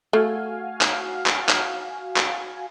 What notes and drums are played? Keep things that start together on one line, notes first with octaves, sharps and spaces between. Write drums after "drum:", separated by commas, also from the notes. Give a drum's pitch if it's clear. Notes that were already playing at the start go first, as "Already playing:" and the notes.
A3 F#4 F5 G#5
drum: clap
drum: clap
drum: clap
drum: clap